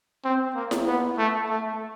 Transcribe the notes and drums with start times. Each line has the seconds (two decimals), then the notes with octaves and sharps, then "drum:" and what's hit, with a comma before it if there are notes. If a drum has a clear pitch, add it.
0.25 C4
0.55 A#3
0.71 drum: snare E4
0.87 B3
1.18 A3
1.50 A3